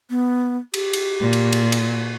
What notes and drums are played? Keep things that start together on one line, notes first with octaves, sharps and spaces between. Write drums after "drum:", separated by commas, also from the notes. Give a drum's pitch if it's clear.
B3
G4, drum: cymbal
drum: cymbal
A#2
drum: cymbal
drum: cymbal
drum: cymbal